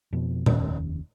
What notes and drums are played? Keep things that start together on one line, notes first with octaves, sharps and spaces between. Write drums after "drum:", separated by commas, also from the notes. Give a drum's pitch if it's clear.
F2 B2
F1 D#2 C#4, drum: tom A#2